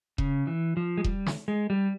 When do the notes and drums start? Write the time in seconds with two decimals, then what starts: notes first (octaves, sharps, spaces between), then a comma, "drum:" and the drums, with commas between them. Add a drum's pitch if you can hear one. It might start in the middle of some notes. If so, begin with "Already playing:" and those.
0.18 C#3, drum: kick E1
0.47 E3
0.77 F3
0.98 G#3
1.04 G3, drum: kick E1
1.26 drum: snare
1.48 G#3
1.70 G3